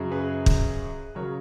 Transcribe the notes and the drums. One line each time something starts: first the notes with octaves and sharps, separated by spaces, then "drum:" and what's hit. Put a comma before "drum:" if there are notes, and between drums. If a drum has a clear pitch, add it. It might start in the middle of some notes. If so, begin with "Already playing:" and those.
Already playing: F#2 C#3 F#3 C#4
G#4 B4
drum: kick
C#3 F#3 A#4 C#5